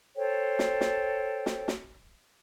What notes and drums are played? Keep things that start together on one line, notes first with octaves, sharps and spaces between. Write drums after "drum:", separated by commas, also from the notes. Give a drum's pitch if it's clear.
A4 C5 C#5 G5
drum: snare
drum: snare
drum: snare
drum: snare